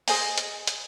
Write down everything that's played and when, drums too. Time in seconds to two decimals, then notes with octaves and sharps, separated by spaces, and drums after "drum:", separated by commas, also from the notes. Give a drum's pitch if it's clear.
0.08 G#4 C5 D#5 G#5, drum: open hi-hat
0.38 drum: hi-hat
0.67 drum: hi-hat